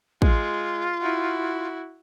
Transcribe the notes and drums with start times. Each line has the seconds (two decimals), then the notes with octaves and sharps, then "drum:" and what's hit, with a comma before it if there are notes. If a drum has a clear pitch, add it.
0.22 G#3 F4, drum: kick
1.01 E4 F#4